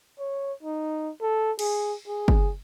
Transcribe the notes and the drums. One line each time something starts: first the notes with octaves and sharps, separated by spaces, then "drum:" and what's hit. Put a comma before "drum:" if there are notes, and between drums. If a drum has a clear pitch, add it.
C#5
D#4
A4
G#4, drum: cymbal
G#4
drum: kick